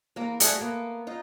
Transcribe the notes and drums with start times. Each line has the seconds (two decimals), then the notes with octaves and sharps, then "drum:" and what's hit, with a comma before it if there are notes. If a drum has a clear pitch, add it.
0.16 E2 A#3 A#4
0.40 G3 A3 C4 F4 F#4 G#4, drum: hi-hat
0.61 A#3 B3
1.07 D#4 F4